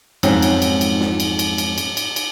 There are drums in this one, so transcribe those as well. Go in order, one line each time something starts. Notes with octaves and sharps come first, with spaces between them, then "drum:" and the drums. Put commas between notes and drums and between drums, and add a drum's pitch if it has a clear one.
F2 G#2 F#3 C4 C#4, drum: cymbal
drum: cymbal
drum: cymbal
drum: cymbal
drum: snare
drum: cymbal
drum: cymbal
drum: cymbal
drum: cymbal
drum: cymbal
drum: cymbal